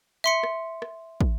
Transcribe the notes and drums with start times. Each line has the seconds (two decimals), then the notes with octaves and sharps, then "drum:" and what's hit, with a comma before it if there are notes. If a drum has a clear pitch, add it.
0.24 E5 C6 C#7
0.43 drum: rim click
0.82 drum: rim click
1.21 drum: kick